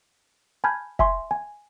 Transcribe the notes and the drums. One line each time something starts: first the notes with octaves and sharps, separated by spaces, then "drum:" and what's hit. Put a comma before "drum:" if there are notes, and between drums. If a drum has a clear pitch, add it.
G#5 A5 B5 F6 G6 G#6
E5 G#5 C6 C#6, drum: kick F1
G#5